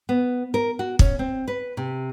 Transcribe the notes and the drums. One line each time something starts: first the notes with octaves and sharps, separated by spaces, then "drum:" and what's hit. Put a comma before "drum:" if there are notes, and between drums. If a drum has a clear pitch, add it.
B3
A#4
F#4
C#4, drum: kick
C4
B4
C3